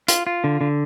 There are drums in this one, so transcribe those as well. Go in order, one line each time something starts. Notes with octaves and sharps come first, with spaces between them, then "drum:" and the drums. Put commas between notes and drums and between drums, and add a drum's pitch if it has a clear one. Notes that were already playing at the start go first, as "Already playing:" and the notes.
F4, drum: hi-hat
F4
D3
D3